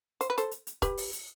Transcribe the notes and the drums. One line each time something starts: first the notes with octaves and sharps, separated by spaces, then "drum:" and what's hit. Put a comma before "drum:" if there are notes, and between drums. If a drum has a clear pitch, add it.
C5, drum: hi-hat
B4
A4 C5, drum: hi-hat
drum: hi-hat
drum: hi-hat
G4 B4, drum: kick, hi-hat
drum: open hi-hat
drum: hi-hat